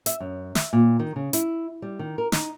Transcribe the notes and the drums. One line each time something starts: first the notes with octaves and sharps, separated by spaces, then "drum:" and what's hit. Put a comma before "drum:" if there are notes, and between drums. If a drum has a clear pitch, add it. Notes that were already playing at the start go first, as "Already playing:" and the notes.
E5, drum: hi-hat
F#2
E5, drum: snare
A#2
D#3
C#3
E4, drum: hi-hat
G3
D#3
A#4
D#4, drum: snare